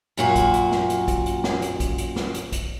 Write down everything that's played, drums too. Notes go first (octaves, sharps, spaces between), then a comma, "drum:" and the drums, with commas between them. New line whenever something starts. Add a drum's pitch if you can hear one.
F#2 A#2 F#4, drum: hi-hat
drum: kick A#1, hi-hat
drum: hi-hat
drum: snare
drum: hi-hat
drum: kick A#1, hi-hat
drum: hi-hat
drum: snare
drum: hi-hat
drum: kick A#1, hi-hat
drum: hi-hat
drum: snare
drum: hi-hat
drum: kick A#1, hi-hat